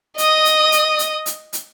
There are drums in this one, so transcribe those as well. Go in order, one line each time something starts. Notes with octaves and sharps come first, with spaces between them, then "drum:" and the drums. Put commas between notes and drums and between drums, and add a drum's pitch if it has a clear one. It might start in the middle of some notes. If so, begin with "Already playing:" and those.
D#5 D#6, drum: hi-hat
drum: hi-hat
drum: hi-hat
drum: hi-hat
drum: hi-hat
drum: hi-hat